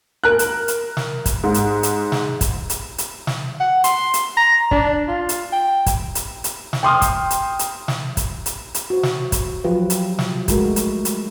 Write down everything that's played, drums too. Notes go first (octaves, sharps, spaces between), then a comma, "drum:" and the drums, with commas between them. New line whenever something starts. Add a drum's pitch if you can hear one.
A#4 F#6
drum: hi-hat
drum: hi-hat
drum: snare
drum: kick, hi-hat
G#2
drum: hi-hat
drum: hi-hat
drum: snare
drum: kick, hi-hat
drum: hi-hat
drum: hi-hat
drum: snare
F#5
C6, drum: hi-hat
drum: hi-hat
A#5
D4, drum: kick
F4
drum: hi-hat
G5
drum: kick, hi-hat
drum: hi-hat
drum: hi-hat
drum: snare
G5 C6 D#6 F6
drum: kick, hi-hat
drum: hi-hat
drum: hi-hat
drum: snare
drum: kick, hi-hat
drum: hi-hat
drum: hi-hat
F#4 C5
drum: snare
drum: kick, hi-hat
F3 F#3 F4 G4 B4
drum: hi-hat
drum: snare
G#3 A3 F#4 A#4, drum: kick, hi-hat
drum: hi-hat
drum: hi-hat